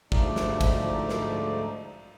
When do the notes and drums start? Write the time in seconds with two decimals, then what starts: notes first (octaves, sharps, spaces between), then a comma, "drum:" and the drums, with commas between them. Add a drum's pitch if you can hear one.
0.12 D2 G#2 F3 A3 D#4 D5, drum: kick G#1
0.36 drum: snare
0.61 drum: kick G#1, cymbal
1.09 drum: snare